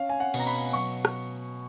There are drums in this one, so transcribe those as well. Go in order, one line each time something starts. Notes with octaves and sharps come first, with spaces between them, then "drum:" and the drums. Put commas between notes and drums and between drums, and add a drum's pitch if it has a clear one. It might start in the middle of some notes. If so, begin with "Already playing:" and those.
Already playing: C#4 F5
G#5
F#5
B2, drum: cymbal
A#5
B5
F#3 C#6
drum: rim click